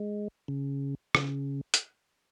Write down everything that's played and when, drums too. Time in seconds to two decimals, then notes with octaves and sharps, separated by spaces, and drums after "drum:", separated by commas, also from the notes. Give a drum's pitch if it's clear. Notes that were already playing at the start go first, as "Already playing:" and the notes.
Already playing: G#3
0.48 C#3
1.15 C#3, drum: rim click
1.74 drum: hi-hat